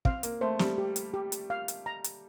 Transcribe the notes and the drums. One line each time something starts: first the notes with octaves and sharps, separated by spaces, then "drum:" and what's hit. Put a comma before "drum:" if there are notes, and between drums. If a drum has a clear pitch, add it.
C4 F5, drum: kick
A#3, drum: hi-hat
A3 C5
G3, drum: snare
G4
drum: hi-hat
G4
drum: hi-hat
F5
drum: hi-hat
A#5
drum: hi-hat